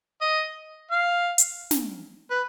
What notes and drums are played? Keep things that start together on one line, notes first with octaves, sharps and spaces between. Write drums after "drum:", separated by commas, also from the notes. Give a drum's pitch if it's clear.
D#5
F5
drum: hi-hat
drum: snare
B4